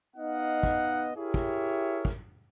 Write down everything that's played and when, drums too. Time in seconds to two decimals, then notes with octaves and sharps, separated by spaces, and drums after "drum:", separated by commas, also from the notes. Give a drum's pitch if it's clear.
0.16 B3 D#4 D#5 F5 F#5
0.63 drum: kick
1.16 E4 G4 G#4 A#4 C#5 E5
1.34 drum: kick
2.05 drum: kick